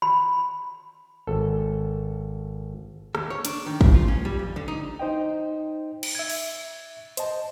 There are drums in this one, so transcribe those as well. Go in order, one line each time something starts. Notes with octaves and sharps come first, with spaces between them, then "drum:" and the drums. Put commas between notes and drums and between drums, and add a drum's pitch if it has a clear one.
B5
G#1 A4
D#2, drum: rim click
C#5
D4, drum: hi-hat
D#3
A#2, drum: kick
F4
C#4
G3
F2
D3
D#4
D#4 C5 D#5 G5
drum: cymbal
E5 G#6
drum: open hi-hat
C5 D#5 A5, drum: hi-hat